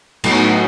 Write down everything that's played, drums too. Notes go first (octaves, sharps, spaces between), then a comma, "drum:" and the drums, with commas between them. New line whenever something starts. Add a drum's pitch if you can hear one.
A2 F#3 B3 D#4 F#4, drum: cymbal